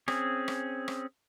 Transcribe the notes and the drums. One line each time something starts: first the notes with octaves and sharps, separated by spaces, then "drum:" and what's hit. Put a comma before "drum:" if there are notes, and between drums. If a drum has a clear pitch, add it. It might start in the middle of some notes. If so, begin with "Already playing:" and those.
C4 C#4 G#4, drum: rim click
drum: rim click
drum: rim click